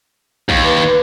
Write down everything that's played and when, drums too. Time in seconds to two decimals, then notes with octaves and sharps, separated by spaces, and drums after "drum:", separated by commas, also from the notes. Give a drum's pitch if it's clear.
0.49 D#2, drum: kick A#1
0.64 B4